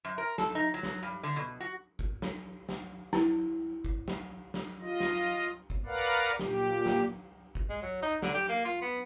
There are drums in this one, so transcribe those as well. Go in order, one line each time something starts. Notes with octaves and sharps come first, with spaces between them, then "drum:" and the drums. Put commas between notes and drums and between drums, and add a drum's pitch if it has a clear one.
F#2
A#4
A4, drum: snare
D#4
F#3
drum: snare
G2
D3
B2
F#4
drum: kick G1
drum: snare
drum: snare
E4, drum: snare
drum: kick G1
drum: snare
drum: snare
F4 D#5
drum: snare
drum: kick G1
A#4 B4 D5 F5 F#5
A#2 G4, drum: snare
drum: snare
drum: kick G1
G#3
F#3
D#4
D3, drum: snare
G4
A#3
F4
B3